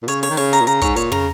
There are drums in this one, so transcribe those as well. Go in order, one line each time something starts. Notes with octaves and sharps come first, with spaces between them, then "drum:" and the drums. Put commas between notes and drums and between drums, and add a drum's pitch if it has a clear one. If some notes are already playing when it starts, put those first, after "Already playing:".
A#2
C#3 C#5, drum: hi-hat
C#5, drum: open hi-hat
D#3
C#3 C#5, drum: open hi-hat
A#5, drum: hi-hat
A#2
C#3 A#5, drum: hi-hat
G#2 C#5, drum: kick, hi-hat
A#2 C#5, drum: hi-hat
C#3 A#5, drum: tom